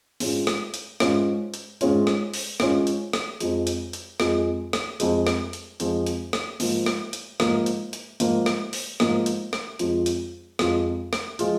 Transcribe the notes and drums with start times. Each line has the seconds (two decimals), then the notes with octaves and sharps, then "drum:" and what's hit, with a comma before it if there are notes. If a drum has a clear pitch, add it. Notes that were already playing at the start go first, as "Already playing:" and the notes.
0.20 G#2 G#3 C#4 F4, drum: open hi-hat
0.47 drum: rim click
0.74 drum: hi-hat
1.00 G#2 G#3 C#4 F4, drum: rim click
1.54 drum: hi-hat
1.81 G#2 G#3 C#4 F4, drum: hi-hat
2.07 drum: rim click
2.34 drum: open hi-hat
2.60 G#2 G#3 C#4 F4, drum: rim click
2.87 drum: hi-hat
3.13 drum: rim click
3.40 F2 F3 G#3, drum: hi-hat
3.67 drum: hi-hat
3.93 drum: hi-hat
4.20 F2 F3 G#3, drum: rim click
4.73 drum: rim click
5.00 F2 F3 G#3, drum: hi-hat
5.27 drum: rim click
5.53 drum: hi-hat
5.80 F2 F3 G#3, drum: hi-hat
6.06 drum: hi-hat
6.33 drum: rim click
6.60 G#2 F3 A#3, drum: open hi-hat
6.86 drum: rim click
7.13 drum: hi-hat
7.40 G#2 F3 A#3, drum: rim click
7.66 drum: hi-hat
7.93 drum: hi-hat
8.20 G#2 F3 A#3, drum: hi-hat
8.46 drum: rim click
8.73 drum: open hi-hat
9.00 G#2 F3 A#3, drum: rim click
9.26 drum: hi-hat
9.53 drum: rim click
9.79 F2 F3 G#3 F4, drum: hi-hat
10.06 drum: hi-hat
10.59 F2 F3 G#3 F4, drum: rim click
11.13 drum: rim click
11.39 F3 G#3 F4, drum: hi-hat